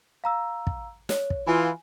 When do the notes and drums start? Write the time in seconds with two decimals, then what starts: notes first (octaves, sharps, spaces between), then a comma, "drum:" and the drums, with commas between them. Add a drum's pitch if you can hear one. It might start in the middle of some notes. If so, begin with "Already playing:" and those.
0.24 F5 A#5 E6
0.67 drum: kick
1.09 C#5, drum: snare
1.30 drum: kick
1.47 E3 E4 F4 G#5